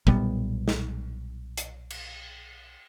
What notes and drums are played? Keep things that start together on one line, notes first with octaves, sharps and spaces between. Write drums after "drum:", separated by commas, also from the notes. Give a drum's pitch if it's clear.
B1 A#2 G3 B3, drum: kick
drum: snare
drum: hi-hat
drum: cymbal